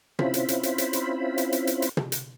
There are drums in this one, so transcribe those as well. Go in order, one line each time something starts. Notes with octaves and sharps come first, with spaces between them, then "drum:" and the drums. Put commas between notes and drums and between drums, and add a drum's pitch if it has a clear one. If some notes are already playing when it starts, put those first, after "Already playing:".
C4 C#4 E4 F4 C5 B5, drum: tom
drum: hi-hat
drum: hi-hat
drum: hi-hat
drum: hi-hat
drum: hi-hat
drum: hi-hat
drum: hi-hat
drum: hi-hat
drum: hi-hat
drum: tom
drum: hi-hat